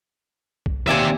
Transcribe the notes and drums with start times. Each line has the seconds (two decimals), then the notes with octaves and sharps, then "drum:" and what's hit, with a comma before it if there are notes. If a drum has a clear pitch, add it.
0.66 drum: kick
0.87 D#2 C4 D5 E5 G#5